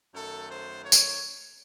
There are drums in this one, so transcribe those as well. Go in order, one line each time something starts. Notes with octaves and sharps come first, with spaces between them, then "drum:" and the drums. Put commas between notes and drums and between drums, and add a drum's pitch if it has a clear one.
F#2 D#3 A3 A4
C5
C#5
drum: tambourine